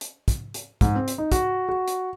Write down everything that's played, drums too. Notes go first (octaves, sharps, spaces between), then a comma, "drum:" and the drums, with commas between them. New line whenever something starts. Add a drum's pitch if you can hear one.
drum: hi-hat
drum: kick, hi-hat
drum: hi-hat
G#2, drum: kick, hi-hat
C4
drum: hi-hat
D#4
F#4, drum: kick, hi-hat
F#4
drum: hi-hat